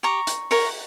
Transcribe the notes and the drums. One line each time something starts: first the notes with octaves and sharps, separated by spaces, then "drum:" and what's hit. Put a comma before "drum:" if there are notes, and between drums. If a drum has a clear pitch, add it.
G4 A#5 C#6
drum: hi-hat
A#4 C#5, drum: open hi-hat